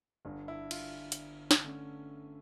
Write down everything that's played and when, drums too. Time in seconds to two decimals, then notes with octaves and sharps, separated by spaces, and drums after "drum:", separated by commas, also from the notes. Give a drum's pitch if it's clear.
0.25 G1 G2 D3
0.48 E4
0.71 F4, drum: cymbal
1.12 drum: hi-hat
1.51 drum: snare
1.64 D3 A3 C#4